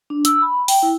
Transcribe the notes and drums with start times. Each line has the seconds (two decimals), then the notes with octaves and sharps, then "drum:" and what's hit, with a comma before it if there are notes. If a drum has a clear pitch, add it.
0.10 D4
0.25 E6, drum: hi-hat
0.42 B5
0.68 G5, drum: open hi-hat
0.83 E4